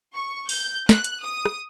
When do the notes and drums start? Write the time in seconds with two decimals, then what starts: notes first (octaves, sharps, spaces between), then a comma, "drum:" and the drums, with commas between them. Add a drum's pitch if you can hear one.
0.15 C#6
0.49 G6, drum: open hi-hat
0.89 F#6, drum: snare
1.04 drum: hi-hat
1.23 D#6
1.45 drum: rim click